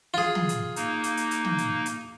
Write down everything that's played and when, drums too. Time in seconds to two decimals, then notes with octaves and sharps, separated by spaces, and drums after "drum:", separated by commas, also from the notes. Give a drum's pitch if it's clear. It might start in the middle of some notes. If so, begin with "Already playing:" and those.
0.14 F4 G#4
0.35 drum: tom
0.49 drum: hi-hat
0.76 A#3 D#4, drum: hi-hat
1.04 drum: hi-hat
1.17 drum: hi-hat
1.31 drum: hi-hat
1.45 drum: tom
1.58 drum: hi-hat
1.86 drum: hi-hat